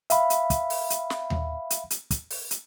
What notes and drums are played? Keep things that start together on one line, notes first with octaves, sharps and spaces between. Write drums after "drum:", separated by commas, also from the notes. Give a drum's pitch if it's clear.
E5 F5 B5, drum: hi-hat
drum: hi-hat
drum: kick, hi-hat
drum: open hi-hat
drum: hi-hat
drum: snare
drum: tom D#2
drum: hi-hat
drum: hi-hat
drum: kick, hi-hat
drum: open hi-hat
drum: hi-hat